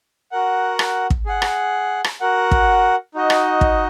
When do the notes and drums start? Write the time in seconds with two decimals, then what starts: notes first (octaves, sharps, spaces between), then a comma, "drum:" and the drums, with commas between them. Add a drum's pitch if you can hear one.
0.32 F#4 A#4 F#5
0.79 drum: rim click
1.10 drum: kick
1.26 G#4 F#5
1.42 drum: rim click
2.04 drum: rim click
2.20 F#4 A#4 F#5
2.51 drum: kick
3.14 D#4 F#4 D#5
3.30 drum: rim click
3.61 drum: kick